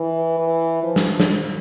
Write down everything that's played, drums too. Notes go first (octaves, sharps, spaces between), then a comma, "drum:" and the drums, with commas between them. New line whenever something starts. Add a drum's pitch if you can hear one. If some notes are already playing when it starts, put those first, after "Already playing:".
Already playing: E3
E3
F3
drum: snare
drum: snare